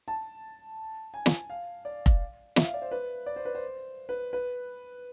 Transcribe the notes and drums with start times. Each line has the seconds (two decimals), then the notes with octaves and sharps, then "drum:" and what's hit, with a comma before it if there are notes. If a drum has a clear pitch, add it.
0.08 A5
1.14 G#5
1.26 drum: snare
1.50 F5
1.85 D5
2.06 drum: kick F1
2.56 E5, drum: snare
2.64 F5
2.74 D5
2.82 C5
2.91 B4
3.26 D5
3.36 C5
3.45 B4
3.55 C5
4.09 B4
4.33 B4